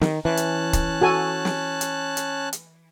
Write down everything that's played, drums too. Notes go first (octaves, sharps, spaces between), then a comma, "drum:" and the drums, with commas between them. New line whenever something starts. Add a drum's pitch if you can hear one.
D#3, drum: snare
E3 C#4 A5 F#6
drum: hi-hat
drum: kick, hi-hat
F#4 A4 G#5
drum: snare
drum: hi-hat
drum: hi-hat
drum: hi-hat